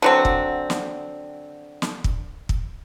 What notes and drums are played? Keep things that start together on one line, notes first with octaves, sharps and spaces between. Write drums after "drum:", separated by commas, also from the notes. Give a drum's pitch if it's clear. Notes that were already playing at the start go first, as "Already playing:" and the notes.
D3 F#3 C4
drum: kick
drum: snare
drum: snare
drum: kick
drum: kick